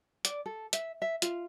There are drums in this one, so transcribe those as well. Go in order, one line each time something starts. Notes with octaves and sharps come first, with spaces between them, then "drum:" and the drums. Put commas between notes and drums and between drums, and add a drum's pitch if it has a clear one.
D5, drum: hi-hat
A4
E5, drum: hi-hat
E5
F4, drum: hi-hat